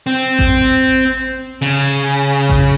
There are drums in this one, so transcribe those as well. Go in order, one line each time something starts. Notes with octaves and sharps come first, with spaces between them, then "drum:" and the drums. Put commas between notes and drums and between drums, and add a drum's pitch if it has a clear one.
C4
drum: kick A1
C#3
drum: kick A1